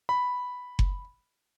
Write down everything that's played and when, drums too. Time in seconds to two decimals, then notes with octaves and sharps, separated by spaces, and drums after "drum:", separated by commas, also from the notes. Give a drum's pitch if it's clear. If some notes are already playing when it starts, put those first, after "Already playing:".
0.09 B5
0.79 drum: kick F#1